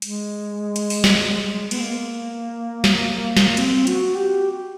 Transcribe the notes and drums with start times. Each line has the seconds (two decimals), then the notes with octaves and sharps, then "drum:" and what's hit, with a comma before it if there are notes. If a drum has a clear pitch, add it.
0.02 G#3, drum: hi-hat
0.76 drum: hi-hat
0.90 drum: open hi-hat
1.04 drum: snare
1.71 B3, drum: cymbal
1.80 A#3
2.84 drum: snare
3.37 drum: snare
3.57 C4, drum: cymbal
3.87 F#4, drum: hi-hat
4.16 G4